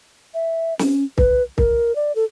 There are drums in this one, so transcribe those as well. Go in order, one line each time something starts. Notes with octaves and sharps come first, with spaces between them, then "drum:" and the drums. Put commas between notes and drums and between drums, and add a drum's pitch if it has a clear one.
E5
C#4, drum: snare
B4, drum: kick C2
A#4, drum: kick C2
D5
A4